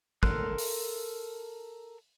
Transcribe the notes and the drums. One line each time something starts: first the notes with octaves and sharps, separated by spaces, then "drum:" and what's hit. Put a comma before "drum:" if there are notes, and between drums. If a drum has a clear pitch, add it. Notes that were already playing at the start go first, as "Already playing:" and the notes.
A4 A#4 C6 F#6, drum: kick
drum: open hi-hat